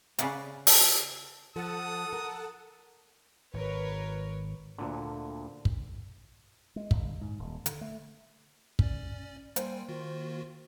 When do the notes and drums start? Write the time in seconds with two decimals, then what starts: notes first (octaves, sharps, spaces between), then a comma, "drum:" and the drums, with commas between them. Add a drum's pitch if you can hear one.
0.18 C#3 B4 D5 F5 F#5 A#5, drum: hi-hat
0.67 drum: open hi-hat
1.56 F3 A4 F#5 A5 D#6
2.13 A#4
3.54 G#1 A#4 B4 C#5
4.78 D2 A#2 D3
5.65 drum: kick
6.76 G#3
6.91 G1, drum: kick
7.21 G#2
7.39 D#1
7.66 D3, drum: hi-hat
7.81 A3
8.79 C#4 D5, drum: kick
9.56 G3 A#3 C5 G5 G#5, drum: hi-hat
9.88 D#3 F4 F#4